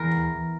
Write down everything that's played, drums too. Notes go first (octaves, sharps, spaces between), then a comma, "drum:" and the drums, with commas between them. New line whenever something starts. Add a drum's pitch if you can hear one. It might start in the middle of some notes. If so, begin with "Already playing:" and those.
Already playing: E2 A#4
drum: tom